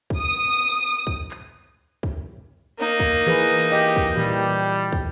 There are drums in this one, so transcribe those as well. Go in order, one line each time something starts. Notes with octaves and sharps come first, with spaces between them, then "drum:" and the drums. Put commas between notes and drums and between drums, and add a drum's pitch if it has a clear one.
drum: kick
D#6
drum: kick
drum: clap
drum: kick
A#3 D#4
drum: kick
E3 G#4 B4, drum: clap
G4 D#5
drum: kick
A#2 E3 G3 G4
drum: kick